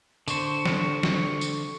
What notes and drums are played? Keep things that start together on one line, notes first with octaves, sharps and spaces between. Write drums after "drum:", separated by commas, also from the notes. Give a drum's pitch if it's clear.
D3 C5 C#6, drum: tambourine
drum: snare
drum: snare
drum: tambourine